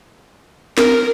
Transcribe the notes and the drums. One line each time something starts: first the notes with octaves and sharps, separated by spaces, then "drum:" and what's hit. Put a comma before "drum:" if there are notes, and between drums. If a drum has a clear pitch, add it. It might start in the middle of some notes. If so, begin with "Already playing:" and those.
A#4, drum: snare